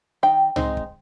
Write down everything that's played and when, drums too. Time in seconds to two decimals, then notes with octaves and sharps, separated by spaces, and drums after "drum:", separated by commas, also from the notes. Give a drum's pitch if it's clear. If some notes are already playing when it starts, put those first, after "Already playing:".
0.23 D#3 G5
0.56 G#3 C4 D#4, drum: tom
0.77 drum: kick